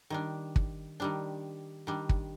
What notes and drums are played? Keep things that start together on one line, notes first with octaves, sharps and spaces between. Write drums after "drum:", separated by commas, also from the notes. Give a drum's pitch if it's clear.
D#3 G3 D4
drum: kick
D#3 G3 D4
D#3 G3 D4
drum: kick